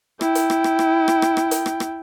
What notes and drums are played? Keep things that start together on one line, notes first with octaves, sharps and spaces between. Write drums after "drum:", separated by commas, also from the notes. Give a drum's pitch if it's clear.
E4 G5, drum: rim click
drum: hi-hat
drum: rim click
drum: rim click
drum: rim click
drum: rim click
drum: rim click
drum: rim click
drum: hi-hat
drum: rim click
drum: rim click